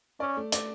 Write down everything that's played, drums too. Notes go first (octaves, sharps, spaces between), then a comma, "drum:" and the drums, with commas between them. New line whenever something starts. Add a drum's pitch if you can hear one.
C#4 D5
A3
D5, drum: hi-hat